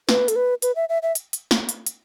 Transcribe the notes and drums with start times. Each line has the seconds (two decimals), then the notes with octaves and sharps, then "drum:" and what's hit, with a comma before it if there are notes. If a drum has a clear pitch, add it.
0.09 B4, drum: snare
0.28 A4, drum: hi-hat
0.36 B4
0.62 B4, drum: hi-hat
0.76 E5
0.89 E5
1.02 E5
1.15 drum: hi-hat
1.33 drum: hi-hat
1.51 drum: snare
1.69 drum: hi-hat
1.86 drum: hi-hat